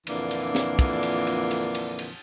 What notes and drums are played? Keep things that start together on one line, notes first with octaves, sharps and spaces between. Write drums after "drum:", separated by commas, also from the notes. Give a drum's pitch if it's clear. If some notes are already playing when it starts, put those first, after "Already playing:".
F2 A#2 D3 E3 A#3 D4, drum: cymbal
drum: cymbal
drum: snare
drum: kick, cymbal
drum: cymbal
drum: cymbal
drum: cymbal
drum: cymbal
drum: cymbal